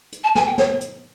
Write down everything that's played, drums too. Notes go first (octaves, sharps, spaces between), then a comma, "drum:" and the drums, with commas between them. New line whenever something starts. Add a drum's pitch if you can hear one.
drum: hi-hat
A5
G#5, drum: snare
G5
C#5, drum: snare
drum: hi-hat